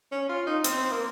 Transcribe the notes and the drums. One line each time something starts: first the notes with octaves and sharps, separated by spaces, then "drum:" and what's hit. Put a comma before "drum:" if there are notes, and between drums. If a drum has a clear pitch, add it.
C#4
F4
D#4
C4, drum: hi-hat
A#3